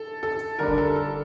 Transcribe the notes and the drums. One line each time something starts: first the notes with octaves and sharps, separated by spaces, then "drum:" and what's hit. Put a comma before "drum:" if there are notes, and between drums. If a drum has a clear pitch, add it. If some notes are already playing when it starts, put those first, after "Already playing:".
Already playing: A4
A4
drum: hi-hat
D3 G3 D4 A#4
drum: kick F1
A4
A4